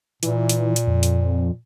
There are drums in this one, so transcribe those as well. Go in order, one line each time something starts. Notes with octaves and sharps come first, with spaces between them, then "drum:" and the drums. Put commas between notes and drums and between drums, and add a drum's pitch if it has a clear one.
A#2 E3, drum: hi-hat
drum: hi-hat
drum: hi-hat
F2
drum: hi-hat